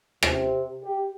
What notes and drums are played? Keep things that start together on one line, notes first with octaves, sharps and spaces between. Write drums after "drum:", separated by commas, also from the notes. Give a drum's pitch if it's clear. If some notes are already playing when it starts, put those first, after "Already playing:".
C3, drum: rim click
G4